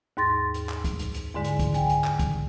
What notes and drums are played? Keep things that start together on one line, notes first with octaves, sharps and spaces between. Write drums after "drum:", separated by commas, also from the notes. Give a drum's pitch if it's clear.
D#2 G#2 C6 A6 A#6
drum: hi-hat
drum: clap
drum: kick C2, hi-hat
drum: hi-hat
drum: hi-hat
E2 G#2 D3 G#3
drum: hi-hat
drum: kick C2, hi-hat
G5 G#5, drum: hi-hat
drum: hi-hat
drum: clap
drum: kick C2, hi-hat